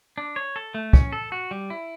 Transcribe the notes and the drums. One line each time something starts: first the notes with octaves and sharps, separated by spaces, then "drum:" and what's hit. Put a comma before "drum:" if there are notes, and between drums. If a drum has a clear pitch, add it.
D4
C#5
A4
A3
C#4, drum: kick
A4
F#4
G3
E4